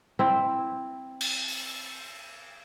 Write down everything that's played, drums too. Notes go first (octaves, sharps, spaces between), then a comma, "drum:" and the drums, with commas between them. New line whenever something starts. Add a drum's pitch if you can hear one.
C4 E4
drum: cymbal
drum: open hi-hat